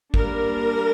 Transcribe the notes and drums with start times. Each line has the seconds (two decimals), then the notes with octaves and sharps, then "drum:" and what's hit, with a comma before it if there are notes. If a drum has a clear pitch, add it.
0.14 G3 A#3 D4 A#4, drum: kick G#1